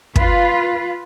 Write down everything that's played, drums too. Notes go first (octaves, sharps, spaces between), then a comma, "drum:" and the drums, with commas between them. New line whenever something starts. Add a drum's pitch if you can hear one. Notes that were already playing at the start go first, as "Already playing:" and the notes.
F4 B4, drum: kick